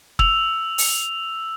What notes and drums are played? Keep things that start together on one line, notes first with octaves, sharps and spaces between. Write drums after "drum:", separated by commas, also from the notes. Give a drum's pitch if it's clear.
E6 F7, drum: kick
drum: open hi-hat